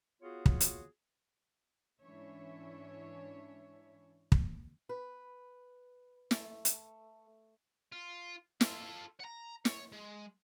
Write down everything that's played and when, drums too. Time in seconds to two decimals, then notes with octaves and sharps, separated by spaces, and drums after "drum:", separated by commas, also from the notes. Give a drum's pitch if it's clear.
0.22 B3 F4 F#4 G#4 C#5
0.46 drum: kick
0.60 drum: hi-hat
2.01 G#2 E3 C#4 D4 C#5 E5
4.32 drum: kick
4.89 B4
6.31 A3, drum: snare
6.65 drum: hi-hat
7.92 F4
8.61 F4 A4, drum: snare
9.20 F#5 A#5
9.65 C#5, drum: snare
9.92 G#3